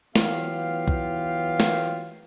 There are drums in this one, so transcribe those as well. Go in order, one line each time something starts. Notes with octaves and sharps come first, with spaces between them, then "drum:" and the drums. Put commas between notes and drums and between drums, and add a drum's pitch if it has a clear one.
E3 F#3 B3 F4 G4 F5, drum: snare
drum: kick
drum: snare